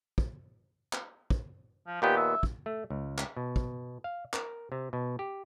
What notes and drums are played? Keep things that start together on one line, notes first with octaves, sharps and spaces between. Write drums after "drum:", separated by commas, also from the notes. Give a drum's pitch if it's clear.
drum: kick
drum: clap
drum: kick
F3
D#2 A#2 B3 G4
E5
drum: kick
A3
C#2
drum: clap
B2
drum: kick
F5
A#4, drum: clap
C3
B2
G4